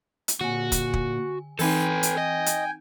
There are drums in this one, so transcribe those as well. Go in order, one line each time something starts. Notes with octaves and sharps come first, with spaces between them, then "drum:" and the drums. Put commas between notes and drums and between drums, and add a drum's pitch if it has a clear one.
drum: hi-hat
A#2 D3 F#4 G#5
drum: kick, hi-hat
drum: kick
E3 C4 D#4 A4 B4 G5 G#5, drum: open hi-hat
drum: hi-hat
D#5
drum: hi-hat